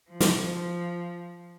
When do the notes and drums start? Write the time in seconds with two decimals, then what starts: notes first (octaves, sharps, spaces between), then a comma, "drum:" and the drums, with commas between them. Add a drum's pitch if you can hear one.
0.10 F3
0.20 drum: snare